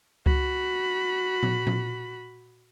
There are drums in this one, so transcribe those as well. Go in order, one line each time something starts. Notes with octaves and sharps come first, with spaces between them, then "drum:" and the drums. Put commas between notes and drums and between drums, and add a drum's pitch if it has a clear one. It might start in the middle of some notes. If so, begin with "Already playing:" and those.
F#4 B5, drum: kick C#2
drum: tom A#2
drum: tom A#2